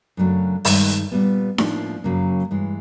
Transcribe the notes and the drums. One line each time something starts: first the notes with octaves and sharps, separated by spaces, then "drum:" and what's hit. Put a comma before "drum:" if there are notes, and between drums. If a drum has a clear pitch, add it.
F#2 C#3 F#3 A3 D4
G2 D#3 G#3, drum: open hi-hat
A#2 G3 B3
A2 F3 A#3 D4, drum: snare D#4
F#2 C#3 F#3 A#3
G2 E3 G#3